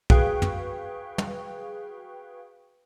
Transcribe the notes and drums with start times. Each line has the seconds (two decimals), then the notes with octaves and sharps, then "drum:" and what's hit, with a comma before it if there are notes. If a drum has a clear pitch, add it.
0.10 F#4 G#4 B4 F5 G5 C#6, drum: kick
0.42 drum: tom
1.18 drum: tom